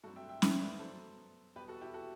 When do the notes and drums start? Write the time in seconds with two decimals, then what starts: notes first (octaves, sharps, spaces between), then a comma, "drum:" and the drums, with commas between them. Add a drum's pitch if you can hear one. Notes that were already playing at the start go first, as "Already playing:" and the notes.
0.03 G2 F#3 A3 C4 F#4 A4
0.16 E5 G5
0.29 E5 G5
0.42 C5 E5, drum: snare C#4
0.61 B4 D5
0.79 F#2 F#3 B3 A4 C5
1.56 E2 B2 G3 G4 B4
1.68 F#4 A4
1.81 E4 G4
1.94 F#4 A4